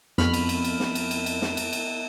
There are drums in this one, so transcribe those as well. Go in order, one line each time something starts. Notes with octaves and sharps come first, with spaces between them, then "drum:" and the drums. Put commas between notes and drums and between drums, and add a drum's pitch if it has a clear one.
F2 B3 B5 F6, drum: snare
drum: cymbal
drum: cymbal
drum: cymbal
drum: snare
drum: cymbal
drum: cymbal
drum: cymbal
drum: snare
drum: cymbal
drum: cymbal